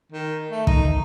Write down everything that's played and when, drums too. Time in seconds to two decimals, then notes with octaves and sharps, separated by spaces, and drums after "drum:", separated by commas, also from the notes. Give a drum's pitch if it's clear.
0.12 D#3
0.51 A3
0.67 D#4, drum: kick